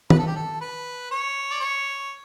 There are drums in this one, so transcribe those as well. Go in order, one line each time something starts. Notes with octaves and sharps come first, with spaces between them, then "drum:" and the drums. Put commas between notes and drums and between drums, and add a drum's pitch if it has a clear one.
B4, drum: tom D#3
A4
G4
A4
B4
C#5
D5
C#5